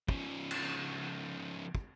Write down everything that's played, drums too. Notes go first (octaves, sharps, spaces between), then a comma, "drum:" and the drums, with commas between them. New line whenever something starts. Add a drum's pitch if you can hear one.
C#3 F3, drum: kick
drum: cymbal
drum: kick